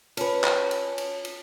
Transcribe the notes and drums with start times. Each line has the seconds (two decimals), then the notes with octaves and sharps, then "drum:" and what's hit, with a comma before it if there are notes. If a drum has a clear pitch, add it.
0.17 C#4 F4 B4 C#5 A5, drum: cymbal
0.44 drum: clap
0.71 drum: cymbal
0.98 drum: cymbal
1.25 drum: cymbal